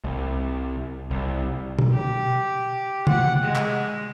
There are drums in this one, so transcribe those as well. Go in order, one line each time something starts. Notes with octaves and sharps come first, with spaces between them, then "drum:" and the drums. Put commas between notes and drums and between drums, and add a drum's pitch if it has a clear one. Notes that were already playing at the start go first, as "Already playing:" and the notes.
C2
C2
drum: tom B2
G4
F#5, drum: tom C3
G#3
drum: clap